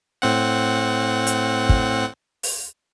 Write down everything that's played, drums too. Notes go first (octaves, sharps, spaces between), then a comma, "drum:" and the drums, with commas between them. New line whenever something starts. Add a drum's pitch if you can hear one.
A2 C4 F#5
drum: hi-hat
drum: kick
drum: open hi-hat